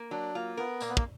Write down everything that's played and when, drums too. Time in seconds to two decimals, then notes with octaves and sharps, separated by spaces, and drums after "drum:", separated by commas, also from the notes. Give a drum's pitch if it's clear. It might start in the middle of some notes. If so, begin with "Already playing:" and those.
Already playing: A#3
0.11 F#3 D4
0.35 A#3 F4
0.57 B3 A#4
0.80 A#2 A#3, drum: tambourine
0.89 B3
0.97 A#3, drum: kick